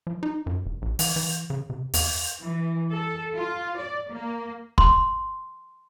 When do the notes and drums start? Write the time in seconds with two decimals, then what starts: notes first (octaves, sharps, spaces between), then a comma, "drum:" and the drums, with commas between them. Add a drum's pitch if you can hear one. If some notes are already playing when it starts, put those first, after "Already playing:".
0.07 F3
0.23 D#4
0.46 F#2
0.66 F1
0.82 A#1
0.99 E3, drum: open hi-hat
1.16 E3
1.50 C#3
1.70 C3
1.94 E2, drum: open hi-hat
2.41 E3
2.90 A4
3.34 F4
3.77 D5
4.11 A#3
4.78 C6, drum: kick